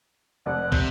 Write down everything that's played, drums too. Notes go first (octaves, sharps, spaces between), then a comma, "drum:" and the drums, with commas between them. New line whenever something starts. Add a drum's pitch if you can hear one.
F1 D5 F#5
C3 G6, drum: kick